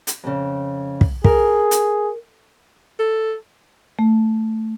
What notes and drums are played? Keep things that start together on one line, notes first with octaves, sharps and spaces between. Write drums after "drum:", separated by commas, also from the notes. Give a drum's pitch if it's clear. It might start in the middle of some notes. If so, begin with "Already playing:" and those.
drum: hi-hat
F2 A2 C#3
drum: kick
G#4 A#4, drum: kick
drum: hi-hat
A4
A3